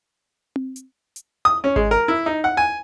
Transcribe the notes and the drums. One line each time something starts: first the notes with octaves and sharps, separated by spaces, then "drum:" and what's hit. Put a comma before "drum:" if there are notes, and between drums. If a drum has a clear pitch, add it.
drum: tom C4
drum: hi-hat
drum: hi-hat
D#6
C#4
G#3, drum: kick G#1
A#4
E4
D#4
F#5
G#5